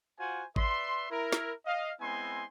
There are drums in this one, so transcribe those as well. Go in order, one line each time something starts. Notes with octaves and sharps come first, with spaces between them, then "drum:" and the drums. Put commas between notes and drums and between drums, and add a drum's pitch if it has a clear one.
F4 F#4 C5 F#5 G#5
B4 D5 E5 C6, drum: kick G#1
E4 A#4
drum: snare
D#5 F5
G#3 B3 C4 E4 G#5 C6